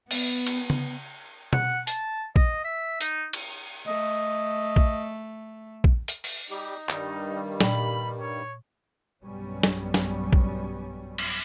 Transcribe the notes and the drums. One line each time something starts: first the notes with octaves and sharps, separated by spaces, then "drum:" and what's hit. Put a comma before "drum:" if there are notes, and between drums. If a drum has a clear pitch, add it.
B3, drum: open hi-hat
drum: cymbal
drum: tom C#3
F#5, drum: tom B2
A5, drum: hi-hat
D#5, drum: kick A#1
E5
D#4, drum: hi-hat
drum: cymbal
A3 D#5
drum: kick A#1
drum: kick A#1
drum: hi-hat
drum: open hi-hat
G3 D#4 G4
G2 D#3 G3, drum: clap
A#2 D5 G5 B5, drum: snare
C#5
B1 G2 F#3 G3 B3 C#4
drum: snare
drum: snare
drum: kick A#1
drum: cymbal